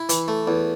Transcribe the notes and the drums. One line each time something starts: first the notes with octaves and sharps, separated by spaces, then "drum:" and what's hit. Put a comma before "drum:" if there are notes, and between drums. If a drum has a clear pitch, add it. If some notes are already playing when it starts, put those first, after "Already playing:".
Already playing: E4
E3, drum: hi-hat
A3
E2